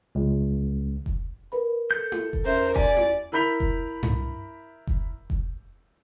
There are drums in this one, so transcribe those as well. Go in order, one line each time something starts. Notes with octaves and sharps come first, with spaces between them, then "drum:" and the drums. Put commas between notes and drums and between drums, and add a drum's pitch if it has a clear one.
C#2
drum: kick F1
A#4 B4 B5
A4 G6
drum: tom E4
drum: kick F1
E2 C#4 A#4 C5 E5
G4 D5 G#5, drum: kick F1
drum: tom E4
E4 A#4 B5 G6 B6 F7
drum: kick F1
drum: tom G2
drum: kick F1
drum: kick F1